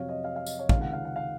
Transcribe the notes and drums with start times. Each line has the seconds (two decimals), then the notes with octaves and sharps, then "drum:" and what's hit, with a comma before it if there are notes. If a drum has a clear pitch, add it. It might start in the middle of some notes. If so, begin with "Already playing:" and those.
Already playing: F2 C3 F#3 C4 C#5 F5
0.09 D#5
0.24 F5
0.36 F5
0.46 D#5, drum: tambourine
0.59 C#5
0.69 C#2 C3 D#3 F5, drum: kick
0.81 F#5
0.93 F5
1.05 F#5
1.16 F5